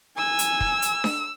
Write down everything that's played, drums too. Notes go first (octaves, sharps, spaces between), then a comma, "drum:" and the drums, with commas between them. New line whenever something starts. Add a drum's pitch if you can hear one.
G#5 E6
drum: hi-hat
drum: kick
drum: hi-hat
drum: snare D4